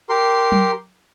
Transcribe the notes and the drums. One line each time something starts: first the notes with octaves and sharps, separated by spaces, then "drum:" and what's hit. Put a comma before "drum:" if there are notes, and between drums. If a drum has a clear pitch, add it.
G4 A#4 C6
drum: tom F#3